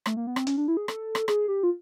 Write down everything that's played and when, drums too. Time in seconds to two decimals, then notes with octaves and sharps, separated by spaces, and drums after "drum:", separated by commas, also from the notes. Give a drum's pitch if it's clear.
0.06 A3, drum: rim click
0.17 A#3
0.27 B3
0.36 C4, drum: rim click
0.47 C#4, drum: hi-hat
0.57 D4
0.68 E4
0.77 G#4
0.88 A4, drum: rim click
1.15 drum: rim click
1.28 G#4, drum: rim click
1.48 G4
1.63 F4